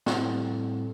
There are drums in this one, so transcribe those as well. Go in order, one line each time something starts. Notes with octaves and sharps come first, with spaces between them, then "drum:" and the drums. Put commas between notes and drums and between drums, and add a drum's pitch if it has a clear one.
A2 G3 C4 A4, drum: snare